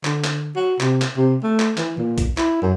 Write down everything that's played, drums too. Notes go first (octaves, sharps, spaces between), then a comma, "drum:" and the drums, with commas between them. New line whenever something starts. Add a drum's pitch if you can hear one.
D3, drum: clap
drum: clap
F#4
C3, drum: clap
drum: clap
C3
A3
drum: clap
E3, drum: clap
A#2
drum: kick, hi-hat
E4, drum: clap
F#2